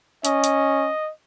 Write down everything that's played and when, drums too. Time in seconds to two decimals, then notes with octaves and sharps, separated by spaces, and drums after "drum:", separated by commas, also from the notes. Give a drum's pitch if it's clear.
0.25 C#4 D#5, drum: hi-hat
0.44 drum: hi-hat